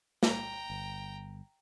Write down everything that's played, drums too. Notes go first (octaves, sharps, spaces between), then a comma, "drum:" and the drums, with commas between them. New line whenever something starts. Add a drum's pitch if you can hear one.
G5 A#5, drum: snare
G1